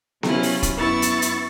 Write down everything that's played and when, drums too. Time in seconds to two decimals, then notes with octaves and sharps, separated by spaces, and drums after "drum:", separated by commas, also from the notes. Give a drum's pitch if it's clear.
0.23 C3 F#3 C#4 E4 F4, drum: snare B3
0.43 drum: open hi-hat
0.63 drum: kick, hi-hat
0.77 F#2 B3 E4 C#6 A6
1.02 drum: hi-hat
1.22 drum: hi-hat